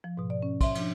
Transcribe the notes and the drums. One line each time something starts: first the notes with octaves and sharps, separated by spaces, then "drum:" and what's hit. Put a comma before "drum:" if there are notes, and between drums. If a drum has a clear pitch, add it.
F3
G#2 B2
D5
C#4
E5 C6, drum: kick, cymbal
F3 D4, drum: cymbal